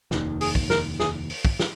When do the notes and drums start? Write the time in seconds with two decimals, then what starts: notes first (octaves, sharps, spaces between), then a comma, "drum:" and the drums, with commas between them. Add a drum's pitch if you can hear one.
0.11 F1 D#2 D#3, drum: snare
0.41 G#4, drum: open hi-hat
0.55 drum: kick
0.70 A#4, drum: snare
1.00 G#4, drum: snare
1.30 drum: open hi-hat
1.45 drum: kick
1.59 drum: snare